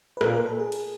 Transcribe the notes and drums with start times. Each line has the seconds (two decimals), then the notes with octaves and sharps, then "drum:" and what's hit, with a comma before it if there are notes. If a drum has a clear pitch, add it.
0.17 B4
0.21 A#2 A#4, drum: rim click
0.35 A#4
0.46 A4
0.59 G#4
0.72 drum: cymbal